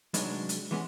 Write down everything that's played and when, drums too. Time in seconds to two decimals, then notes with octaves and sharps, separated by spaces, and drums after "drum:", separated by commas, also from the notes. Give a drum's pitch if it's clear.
0.14 C2 F#3 G#3 D4 D#4 B4, drum: hi-hat
0.49 drum: hi-hat
0.71 E3 G#3 B3 C#4